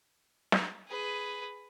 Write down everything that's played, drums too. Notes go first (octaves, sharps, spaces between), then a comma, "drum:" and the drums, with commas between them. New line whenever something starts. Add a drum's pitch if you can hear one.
drum: snare
G#4 B4